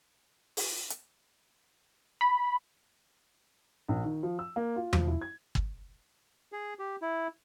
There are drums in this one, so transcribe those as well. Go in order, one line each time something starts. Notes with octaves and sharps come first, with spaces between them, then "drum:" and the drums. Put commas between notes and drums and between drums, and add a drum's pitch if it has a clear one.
drum: open hi-hat
drum: hi-hat
B5
A#1
D#3
F3
E6
A#3
F4
F3, drum: tom E2
E4
G#6
drum: kick
G#4
G4
E4